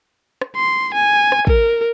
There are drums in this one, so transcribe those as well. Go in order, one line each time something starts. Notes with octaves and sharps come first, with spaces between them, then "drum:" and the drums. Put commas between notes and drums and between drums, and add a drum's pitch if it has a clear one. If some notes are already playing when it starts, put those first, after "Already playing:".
drum: rim click
C6
G#5
drum: rim click
A#4, drum: kick